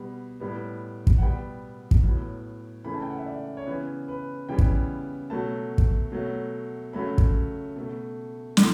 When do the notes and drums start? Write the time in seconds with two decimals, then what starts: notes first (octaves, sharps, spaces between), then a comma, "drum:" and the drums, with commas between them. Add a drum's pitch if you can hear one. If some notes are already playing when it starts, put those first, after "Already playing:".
Already playing: B2 G3 B3
0.40 A2 G3 B3
1.07 drum: kick
1.18 F#5
1.22 B2 G3 B3 G5
1.91 drum: kick
2.03 A2 F#3 B3
2.85 C#3 E3 A3 B5
2.94 A5
3.02 G5
3.10 F#5
3.19 E5
3.26 D5
3.57 C#5
3.66 C#3 E3 B3 B4
4.08 B4
4.49 C#3 E3 G3 B3 G5
4.58 drum: kick
5.30 B2 F#3 A3 A5
5.78 drum: kick
6.12 B2 F#3 A3
6.93 C#3 F#3 A3 B5
7.18 drum: kick
7.76 B2 A3
8.57 B2 A3, drum: snare